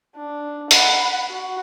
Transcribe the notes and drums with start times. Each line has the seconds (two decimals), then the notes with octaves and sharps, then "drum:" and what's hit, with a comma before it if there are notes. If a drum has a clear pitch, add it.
0.16 D4
0.71 F#5 B5, drum: hi-hat
1.29 F#4